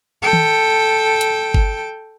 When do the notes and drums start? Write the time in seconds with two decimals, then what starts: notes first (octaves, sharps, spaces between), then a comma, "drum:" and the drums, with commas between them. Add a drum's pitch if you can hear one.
0.22 A4 G5
0.33 drum: tom D#3
1.21 drum: hi-hat
1.54 drum: kick G1